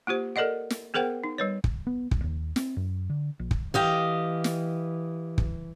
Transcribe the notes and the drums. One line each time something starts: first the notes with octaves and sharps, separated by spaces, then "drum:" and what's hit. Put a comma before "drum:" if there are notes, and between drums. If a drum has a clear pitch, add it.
A#3 F4 G4 C5
A4 A#4 D5 D#5 F#5
drum: snare
B3 G#4 A#4 C5 F#5 G5
D#4
G3 B4 C#5
drum: kick
B3
C2, drum: kick
D#2
C4, drum: snare
F#2
D3
A#1
drum: kick
E3 G4 D#5 F5
drum: snare
drum: kick